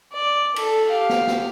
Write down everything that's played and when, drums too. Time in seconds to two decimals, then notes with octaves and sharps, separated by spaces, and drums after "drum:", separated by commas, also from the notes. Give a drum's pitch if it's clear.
0.13 D5
0.56 A4, drum: cymbal
0.87 G4 F5
1.09 drum: snare
1.27 drum: snare